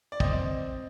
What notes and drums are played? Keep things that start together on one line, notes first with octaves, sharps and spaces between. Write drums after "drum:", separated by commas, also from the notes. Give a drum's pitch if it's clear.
D5
C4 D#5, drum: kick